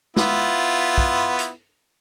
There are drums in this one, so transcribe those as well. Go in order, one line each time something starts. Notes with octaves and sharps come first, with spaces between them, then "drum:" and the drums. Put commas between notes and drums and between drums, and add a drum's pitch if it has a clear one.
B3 E4 F4, drum: snare
drum: kick
drum: hi-hat